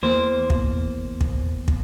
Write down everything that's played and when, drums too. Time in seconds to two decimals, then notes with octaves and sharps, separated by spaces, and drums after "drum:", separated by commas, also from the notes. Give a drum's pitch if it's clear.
0.03 E2 A#3 C5
0.50 drum: kick
1.21 drum: kick
1.68 drum: kick